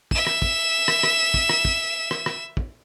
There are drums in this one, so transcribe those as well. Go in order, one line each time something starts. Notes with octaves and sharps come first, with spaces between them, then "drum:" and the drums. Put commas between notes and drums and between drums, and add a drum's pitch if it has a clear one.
E5 E7, drum: kick
drum: rim click
drum: kick
drum: rim click
drum: rim click
drum: kick
drum: rim click
drum: kick
drum: rim click
drum: rim click
drum: kick